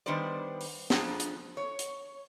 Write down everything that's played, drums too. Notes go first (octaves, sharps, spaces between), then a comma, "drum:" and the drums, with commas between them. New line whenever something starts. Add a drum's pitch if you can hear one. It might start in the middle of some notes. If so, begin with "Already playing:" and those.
D#3 G3 B3 D4 C5 D5
drum: open hi-hat
F2 F3 D4 G#4 A#5, drum: snare
drum: hi-hat
C#5
drum: hi-hat